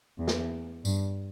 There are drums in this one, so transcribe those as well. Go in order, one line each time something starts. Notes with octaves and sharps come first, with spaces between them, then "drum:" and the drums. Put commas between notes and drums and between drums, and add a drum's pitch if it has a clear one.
E2
drum: snare
G2, drum: tambourine